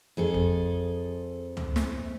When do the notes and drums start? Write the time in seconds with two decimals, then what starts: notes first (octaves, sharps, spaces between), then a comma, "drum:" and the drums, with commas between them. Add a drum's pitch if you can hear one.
0.17 F2 G#4 A4
0.34 drum: kick
1.57 drum: tom C#2
1.76 drum: snare